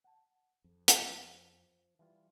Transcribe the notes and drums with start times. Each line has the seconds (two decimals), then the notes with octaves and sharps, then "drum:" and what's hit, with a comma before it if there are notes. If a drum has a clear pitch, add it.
0.04 F#5 A5
0.64 F2
0.88 drum: hi-hat
1.09 F3
1.99 E3 G3 F4